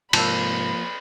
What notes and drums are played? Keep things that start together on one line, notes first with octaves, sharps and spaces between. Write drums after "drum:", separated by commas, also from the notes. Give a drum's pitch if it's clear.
G#2 C3 F3 A#3 A5 B5 E6, drum: cymbal